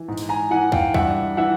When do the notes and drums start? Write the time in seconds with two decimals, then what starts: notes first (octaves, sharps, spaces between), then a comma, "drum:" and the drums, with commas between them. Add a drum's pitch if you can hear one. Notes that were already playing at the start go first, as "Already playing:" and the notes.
Already playing: E3
0.08 G#2
0.17 drum: open hi-hat
0.29 G#5 A#5
0.51 E3 F#5 G#5
0.72 F5 G5, drum: kick
0.94 G2 E5 F#5, drum: kick
1.37 E3 E5 F#5